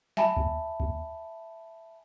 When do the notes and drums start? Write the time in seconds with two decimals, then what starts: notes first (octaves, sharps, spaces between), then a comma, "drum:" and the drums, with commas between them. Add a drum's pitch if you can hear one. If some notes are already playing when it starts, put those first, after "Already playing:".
0.17 E5 G#5 A5 B5, drum: snare
0.37 drum: kick D2
0.80 drum: kick D2